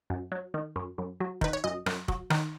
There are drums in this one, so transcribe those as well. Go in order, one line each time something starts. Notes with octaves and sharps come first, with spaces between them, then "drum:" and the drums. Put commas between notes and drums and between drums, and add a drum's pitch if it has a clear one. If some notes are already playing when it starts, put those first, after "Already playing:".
F#2
F#3
D#3
F#2
F#2
F#3
D#3 B4, drum: kick F1
C#5
F#2 D#5
F#2, drum: rim click
F#3, drum: kick F1
D#3, drum: rim click